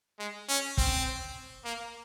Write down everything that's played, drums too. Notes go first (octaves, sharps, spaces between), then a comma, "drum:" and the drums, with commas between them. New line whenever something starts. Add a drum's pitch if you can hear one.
G#3
C#4
C4, drum: kick
A#3